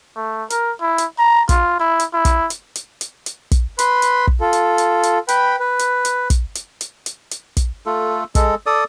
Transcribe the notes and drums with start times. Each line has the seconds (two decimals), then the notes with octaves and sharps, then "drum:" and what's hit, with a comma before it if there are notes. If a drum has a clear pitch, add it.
0.16 A3
0.50 A#4, drum: hi-hat
0.81 E4
0.98 drum: hi-hat
1.18 A#5
1.49 F4, drum: kick, hi-hat
1.80 E4
2.00 drum: hi-hat
2.14 E4
2.25 drum: kick, hi-hat
2.50 drum: hi-hat
2.75 drum: hi-hat
3.01 drum: hi-hat
3.26 drum: hi-hat
3.51 drum: kick, hi-hat
3.79 B4 B5 C6, drum: hi-hat
4.02 drum: hi-hat
4.27 drum: kick
4.41 F4 A4
4.53 drum: hi-hat
4.78 drum: hi-hat
5.03 drum: hi-hat
5.28 B4 G5 B5, drum: hi-hat
5.60 B4
5.79 drum: hi-hat
6.05 drum: hi-hat
6.30 drum: kick, hi-hat
6.55 drum: hi-hat
6.81 drum: hi-hat
7.06 drum: hi-hat
7.31 drum: hi-hat
7.57 drum: kick, hi-hat
7.86 A3 F4 A4
8.35 G#3 A4, drum: kick, hi-hat
8.66 A4 D5 D#6